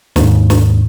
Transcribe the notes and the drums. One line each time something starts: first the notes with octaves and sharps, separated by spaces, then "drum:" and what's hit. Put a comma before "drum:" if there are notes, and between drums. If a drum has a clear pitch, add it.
D#2 G#2, drum: snare
drum: snare